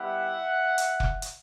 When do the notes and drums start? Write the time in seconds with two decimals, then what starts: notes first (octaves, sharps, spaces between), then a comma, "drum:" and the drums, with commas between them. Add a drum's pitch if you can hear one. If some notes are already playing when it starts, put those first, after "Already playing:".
Already playing: G3 B3 E4 G4 E5 F#5
0.78 drum: hi-hat
1.00 drum: kick F1
1.22 drum: hi-hat